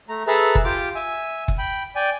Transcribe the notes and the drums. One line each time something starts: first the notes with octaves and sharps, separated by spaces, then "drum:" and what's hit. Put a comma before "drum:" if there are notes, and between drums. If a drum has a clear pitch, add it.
A3 A#5
G#4 A4 B4 E5 A5 A#5
drum: kick F#1
F4 G4 D6
E5 G#5
drum: kick F#1
G5 B5
D5 G5 G#5